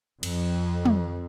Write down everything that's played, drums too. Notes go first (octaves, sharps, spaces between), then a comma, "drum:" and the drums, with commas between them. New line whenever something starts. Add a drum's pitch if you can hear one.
F2, drum: cymbal
drum: tom